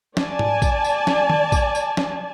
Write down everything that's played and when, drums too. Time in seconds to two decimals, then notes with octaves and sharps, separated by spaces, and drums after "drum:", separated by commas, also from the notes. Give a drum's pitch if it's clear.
0.17 D5 G#5 A5, drum: snare
0.39 drum: tom G#2
0.62 drum: kick, tambourine
0.84 drum: tambourine
1.07 drum: snare
1.30 drum: tom D#3
1.52 drum: kick, tambourine
1.75 drum: tambourine
1.97 drum: snare